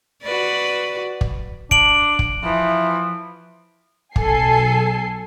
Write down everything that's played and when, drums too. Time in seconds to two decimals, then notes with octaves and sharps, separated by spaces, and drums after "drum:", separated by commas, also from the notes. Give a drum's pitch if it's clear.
0.23 F#4 B4 D5
1.21 drum: kick
1.71 D4 D7 F#7, drum: kick
2.19 drum: kick
2.43 E3 F3
4.16 B1 A4 G#5 C7, drum: kick